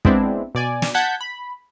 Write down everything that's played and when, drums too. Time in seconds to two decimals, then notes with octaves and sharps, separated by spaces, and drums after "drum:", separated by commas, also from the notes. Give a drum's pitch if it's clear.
0.05 G#3 B3 C4 D4 E4, drum: kick
0.55 B2 D5 G#5
0.82 drum: snare
0.94 F#5 A5 G6 G#6 B6
1.21 B5